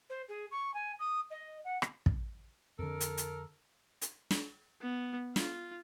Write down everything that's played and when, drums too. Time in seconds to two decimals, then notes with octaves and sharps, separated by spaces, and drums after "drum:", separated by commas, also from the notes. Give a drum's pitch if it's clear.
0.10 C5
0.28 G#4
0.51 C#6
0.74 G#5
0.99 D#6
1.31 D#5
1.65 F#5
1.82 drum: rim click
2.06 drum: kick
2.79 F2 D3 A4 A#4
3.00 drum: hi-hat
3.17 drum: hi-hat
4.02 drum: hi-hat
4.31 drum: snare
4.81 B3
5.36 F4, drum: snare